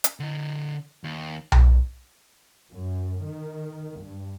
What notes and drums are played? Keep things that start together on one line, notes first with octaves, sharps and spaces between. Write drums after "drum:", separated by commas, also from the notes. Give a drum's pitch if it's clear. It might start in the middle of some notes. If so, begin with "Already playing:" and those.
drum: hi-hat
D3 D#5
D#2
drum: tom B1
F#2
D#3
G2